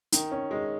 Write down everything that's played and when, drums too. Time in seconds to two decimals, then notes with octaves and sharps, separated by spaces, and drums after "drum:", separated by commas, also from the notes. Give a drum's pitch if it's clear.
0.12 D#3, drum: hi-hat
0.32 C#4
0.51 G#3